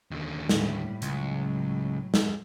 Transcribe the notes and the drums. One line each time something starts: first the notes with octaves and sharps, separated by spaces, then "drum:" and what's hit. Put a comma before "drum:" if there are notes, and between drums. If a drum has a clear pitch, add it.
D#2 D3
A2 G3, drum: snare
C#2 A2 F#3, drum: hi-hat
drum: snare